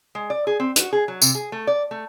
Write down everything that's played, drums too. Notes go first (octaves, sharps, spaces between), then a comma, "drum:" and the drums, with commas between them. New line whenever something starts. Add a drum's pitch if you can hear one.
G#3
D5
G#4
C4
F#4, drum: hi-hat
G#4
F#3
C3, drum: tambourine
G#4
A3
D5
A3